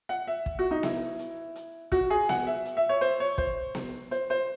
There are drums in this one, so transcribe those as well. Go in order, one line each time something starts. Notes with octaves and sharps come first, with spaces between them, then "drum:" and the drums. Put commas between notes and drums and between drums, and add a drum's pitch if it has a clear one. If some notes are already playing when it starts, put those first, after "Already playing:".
F#5, drum: hi-hat
E5
drum: kick
F#4
D#4
E4, drum: snare B3
drum: hi-hat
drum: hi-hat
F#4, drum: kick, hi-hat
G#4
F#5, drum: snare B3
E5
drum: hi-hat
E5
C#5
C5, drum: hi-hat
C#5
C5, drum: kick
drum: snare B3
C5, drum: hi-hat
C5